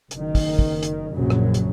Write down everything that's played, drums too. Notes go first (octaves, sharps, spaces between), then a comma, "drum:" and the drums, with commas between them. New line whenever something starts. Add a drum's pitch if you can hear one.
F#1 D#3, drum: hi-hat
drum: kick, open hi-hat
drum: kick
drum: hi-hat
A#1 F#2 C#3 F#3
drum: rim click
drum: hi-hat